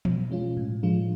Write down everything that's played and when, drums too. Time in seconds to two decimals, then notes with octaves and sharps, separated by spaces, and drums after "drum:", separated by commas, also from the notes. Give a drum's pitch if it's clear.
0.05 B2, drum: tom E3
0.31 G#3 C#4 F4
0.57 A2
0.83 F3 G#3 D4 F4